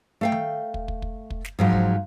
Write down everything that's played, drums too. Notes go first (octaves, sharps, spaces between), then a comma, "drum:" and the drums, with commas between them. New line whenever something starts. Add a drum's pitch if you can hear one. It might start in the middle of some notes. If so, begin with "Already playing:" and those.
A3 F5 G5
drum: tom D#3
drum: kick
drum: kick
drum: kick
drum: kick
drum: snare
G#2 F3 F#3
drum: kick